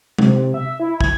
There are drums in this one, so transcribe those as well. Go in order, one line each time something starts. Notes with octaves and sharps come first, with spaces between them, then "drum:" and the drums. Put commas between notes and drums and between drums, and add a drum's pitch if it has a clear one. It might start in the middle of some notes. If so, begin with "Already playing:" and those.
C3, drum: tom G#3
E5
E4
G#6, drum: kick